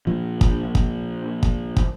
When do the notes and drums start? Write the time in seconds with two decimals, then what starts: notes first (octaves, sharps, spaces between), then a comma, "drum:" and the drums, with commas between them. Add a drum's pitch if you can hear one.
0.07 A#2 F3
0.41 drum: kick
0.75 drum: kick
1.43 drum: kick
1.77 drum: kick